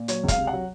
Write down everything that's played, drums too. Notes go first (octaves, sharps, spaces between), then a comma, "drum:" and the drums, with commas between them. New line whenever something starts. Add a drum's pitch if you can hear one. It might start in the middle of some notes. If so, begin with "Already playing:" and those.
Already playing: A#2
F#3 C#5, drum: hi-hat
C#2
F5, drum: kick, hi-hat
C3
F#5
F#3